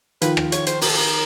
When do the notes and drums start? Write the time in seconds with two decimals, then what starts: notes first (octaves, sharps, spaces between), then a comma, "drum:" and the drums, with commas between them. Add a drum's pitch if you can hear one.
0.22 D#3 F3 B4, drum: hi-hat
0.37 drum: rim click
0.52 C#5, drum: hi-hat
0.67 C5, drum: hi-hat
0.81 A#4, drum: open hi-hat
0.89 A4
0.97 A#4